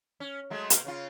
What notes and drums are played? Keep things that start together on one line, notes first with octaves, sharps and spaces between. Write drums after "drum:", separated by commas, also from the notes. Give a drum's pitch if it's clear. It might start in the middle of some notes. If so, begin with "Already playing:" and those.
C#4
F#3 G#3 A3
B2 A#3, drum: hi-hat
C#3 C#4 F4